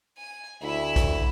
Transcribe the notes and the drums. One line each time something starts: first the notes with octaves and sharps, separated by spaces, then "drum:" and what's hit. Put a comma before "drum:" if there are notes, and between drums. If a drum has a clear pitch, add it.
G#5
D2 E4 E5
drum: kick A#1, hi-hat